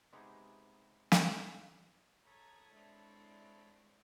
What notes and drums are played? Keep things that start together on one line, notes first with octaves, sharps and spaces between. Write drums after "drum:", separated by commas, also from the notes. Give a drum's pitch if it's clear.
C3 G#3 B3 D#4 G4 G#4
drum: snare
A4 C#5 A#5 B5 D#6 G#6
G#3 C4 D4 E4